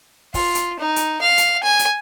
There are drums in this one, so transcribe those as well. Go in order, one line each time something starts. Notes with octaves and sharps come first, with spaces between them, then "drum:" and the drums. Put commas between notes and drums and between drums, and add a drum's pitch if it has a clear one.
F4, drum: kick, open hi-hat
drum: hi-hat
D#4
drum: hi-hat
F5
drum: hi-hat
G#5
drum: hi-hat